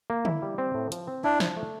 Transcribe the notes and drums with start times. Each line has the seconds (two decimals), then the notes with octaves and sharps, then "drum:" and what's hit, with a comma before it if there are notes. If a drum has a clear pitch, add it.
0.10 A#3
0.25 E4, drum: tom D3
0.42 G3
0.58 C4
0.74 A2
0.92 F3, drum: hi-hat
1.07 C4
1.24 D4 E4
1.40 F3, drum: snare
1.57 A3